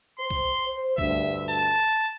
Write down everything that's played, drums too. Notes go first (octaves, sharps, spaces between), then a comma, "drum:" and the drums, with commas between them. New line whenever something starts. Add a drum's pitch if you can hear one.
C5 C6
drum: kick B1
C5
D2 G2 E5, drum: kick B1
A5